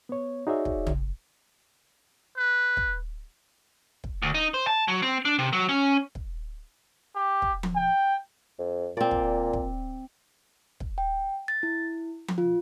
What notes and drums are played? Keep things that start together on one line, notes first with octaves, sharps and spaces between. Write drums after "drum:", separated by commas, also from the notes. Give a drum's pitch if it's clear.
B3 C#5
D#4 F#4 G#4 C#5 D5 E5
drum: kick
drum: tom
B4
drum: kick
drum: kick
D2
D#4
C5
A5
F#3
C4
D4
C3
F#3
C#4
drum: kick
G4
drum: kick
drum: tom F3
G5
F2
A#2 C4 D5
drum: kick
drum: kick
drum: kick
G5
A6
E4
drum: tom F3
F4